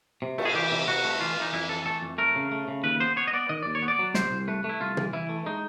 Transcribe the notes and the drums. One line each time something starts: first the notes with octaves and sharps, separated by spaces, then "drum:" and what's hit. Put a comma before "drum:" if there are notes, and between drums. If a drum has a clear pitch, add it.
C3
A3, drum: cymbal
G#4
E3 G4
C3
C3 F#4
A3
E3 F4
E3 D#4
F2 E4
E3 A4
A3 A4
F2
A3 A#4
C#3
A3
C#3
D#2 B4
B3 C5
B3 C#5
D#5
B3 D5
D#3 D#5
D#2 D5
C#5
B3
D5
F#3
C3 C5, drum: snare
C2
A3 B4
A3
E4
C2 F4
E3, drum: tom
E3 E4
A3
G#3 D#4